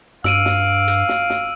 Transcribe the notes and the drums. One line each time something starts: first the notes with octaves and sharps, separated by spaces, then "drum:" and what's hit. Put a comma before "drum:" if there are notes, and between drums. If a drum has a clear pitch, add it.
G2 F5 E6 D7 D#7, drum: snare
drum: snare
drum: hi-hat
drum: snare
drum: snare